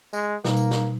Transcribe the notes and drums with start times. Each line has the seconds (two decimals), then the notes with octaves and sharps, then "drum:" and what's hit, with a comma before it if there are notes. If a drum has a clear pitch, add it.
0.13 G#3, drum: tambourine
0.45 B2 G3 A#3 D#4, drum: snare
0.57 drum: tambourine
0.71 drum: snare